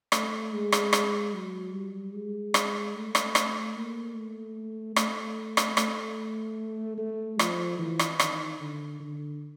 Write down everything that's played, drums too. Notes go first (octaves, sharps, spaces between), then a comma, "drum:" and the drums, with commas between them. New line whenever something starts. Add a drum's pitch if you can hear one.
A3, drum: rim click
G#3
drum: rim click
drum: rim click
F#3
G3
G#3
drum: rim click
A3
drum: rim click
drum: rim click
A#3
A3
A3, drum: rim click
drum: rim click
A3, drum: rim click
A3
F3, drum: rim click
E3
drum: rim click
D#3, drum: rim click
D3
D3